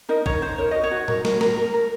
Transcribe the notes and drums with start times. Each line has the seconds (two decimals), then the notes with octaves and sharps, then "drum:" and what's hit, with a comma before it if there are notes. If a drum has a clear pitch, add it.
0.09 D#4 A#4 D#5
0.26 D#4 C#5, drum: kick
0.42 D#4 C5
0.58 A#4 C#5
0.71 F#4 D#5
0.84 C#5
0.91 F#4
1.08 A#4, drum: tom A2
1.25 A#4, drum: snare
1.41 A#4, drum: snare
1.57 A#4
1.74 A#4